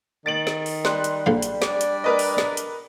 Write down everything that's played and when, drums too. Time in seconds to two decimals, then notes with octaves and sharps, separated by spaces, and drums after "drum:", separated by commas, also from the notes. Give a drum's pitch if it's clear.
0.26 D#3 A6 D7 F#7
0.47 drum: snare
0.66 drum: open hi-hat
0.85 G3 C6 F#6, drum: snare
1.04 drum: hi-hat
1.26 A#1 D3 F5
1.42 drum: hi-hat
1.62 D4, drum: snare
1.81 drum: hi-hat
2.04 A#4 B4 D#5
2.19 drum: open hi-hat
2.38 drum: snare
2.57 drum: hi-hat